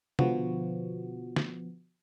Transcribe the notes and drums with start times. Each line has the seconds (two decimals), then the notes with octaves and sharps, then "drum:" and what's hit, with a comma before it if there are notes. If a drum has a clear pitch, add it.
0.19 B2 D3 F3 B3 F#4, drum: tom C3
1.36 drum: snare